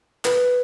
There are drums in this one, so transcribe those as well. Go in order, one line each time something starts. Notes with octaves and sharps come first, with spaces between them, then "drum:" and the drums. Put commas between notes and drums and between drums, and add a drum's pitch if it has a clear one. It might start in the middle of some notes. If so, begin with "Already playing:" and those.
B4, drum: clap